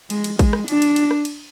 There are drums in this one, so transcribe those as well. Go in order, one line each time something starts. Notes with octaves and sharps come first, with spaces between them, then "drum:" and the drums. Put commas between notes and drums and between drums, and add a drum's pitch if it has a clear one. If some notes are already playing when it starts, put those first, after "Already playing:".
G#3, drum: cymbal
drum: cymbal
G#3, drum: kick, cymbal
drum: rim click
D4, drum: cymbal
drum: cymbal
drum: cymbal
drum: rim click
drum: cymbal